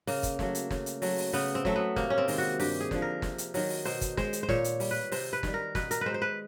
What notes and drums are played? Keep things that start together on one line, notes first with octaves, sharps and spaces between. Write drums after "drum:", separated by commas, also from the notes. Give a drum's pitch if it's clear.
C#3 A#3, drum: open hi-hat
drum: kick, hi-hat
F#3 A3, drum: snare
drum: hi-hat
C#3, drum: snare
drum: hi-hat
F#3 A3, drum: open hi-hat
drum: open hi-hat
C#3 B3, drum: open hi-hat
C4
F#3 A3, drum: snare
B3
C3 A#3, drum: snare
C#4
C4
D#3 G#3, drum: open hi-hat
F#4
G2 G4, drum: open hi-hat
G#4
D3 F3, drum: snare
A#4
C3, drum: snare
drum: hi-hat
D#3 F#3, drum: open hi-hat
drum: open hi-hat
B2 C5, drum: open hi-hat
drum: kick, hi-hat
G#3 C5, drum: snare
drum: hi-hat
C5
A#2 C#5, drum: snare
drum: hi-hat
G3, drum: open hi-hat
B4
C3 C5, drum: open hi-hat
B4
D#3 G3, drum: snare
A#4
B2 B4, drum: snare
A#4, drum: hi-hat
G#3 B4 C5
C5
B4